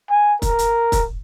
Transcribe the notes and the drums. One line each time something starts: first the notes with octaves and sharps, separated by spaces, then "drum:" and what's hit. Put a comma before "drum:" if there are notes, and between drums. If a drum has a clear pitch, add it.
G#5
A#4, drum: kick, hi-hat
drum: hi-hat
drum: kick, hi-hat